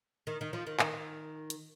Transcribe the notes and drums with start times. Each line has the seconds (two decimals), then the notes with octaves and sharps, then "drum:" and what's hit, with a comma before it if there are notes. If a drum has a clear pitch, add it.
0.27 D#3
0.41 D#3
0.53 F3
0.67 D#3
0.79 D#3, drum: clap
1.50 drum: hi-hat